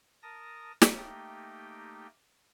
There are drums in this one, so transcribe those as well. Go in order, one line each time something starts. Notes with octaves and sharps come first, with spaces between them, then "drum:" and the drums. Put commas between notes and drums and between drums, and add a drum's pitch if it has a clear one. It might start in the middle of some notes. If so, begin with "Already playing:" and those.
A#4 A5 D#6 A#6
drum: snare
A3 A#3 D#4 G4 G5